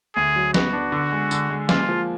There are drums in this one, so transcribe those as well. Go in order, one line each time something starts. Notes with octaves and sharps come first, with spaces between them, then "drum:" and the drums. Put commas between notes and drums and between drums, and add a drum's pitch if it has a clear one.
D2 G#4
F#3
B3 F#4, drum: snare
D4
D3
G#3
D3, drum: tambourine
G#3
A#3 F4, drum: snare
F3